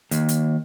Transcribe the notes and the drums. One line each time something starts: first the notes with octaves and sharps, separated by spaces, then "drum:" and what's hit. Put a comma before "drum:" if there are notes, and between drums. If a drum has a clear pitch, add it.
D#2, drum: hi-hat
drum: hi-hat